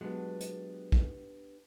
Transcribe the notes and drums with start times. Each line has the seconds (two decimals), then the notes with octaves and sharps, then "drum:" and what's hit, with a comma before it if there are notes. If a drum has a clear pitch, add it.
0.01 B2 F#3 G#3 B3 D4 G4
0.40 drum: hi-hat
0.92 drum: kick